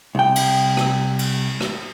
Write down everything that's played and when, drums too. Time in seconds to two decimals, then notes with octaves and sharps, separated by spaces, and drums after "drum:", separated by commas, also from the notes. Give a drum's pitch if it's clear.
0.15 C2 G5
0.36 drum: cymbal
0.77 drum: rim click
1.19 drum: cymbal
1.61 drum: rim click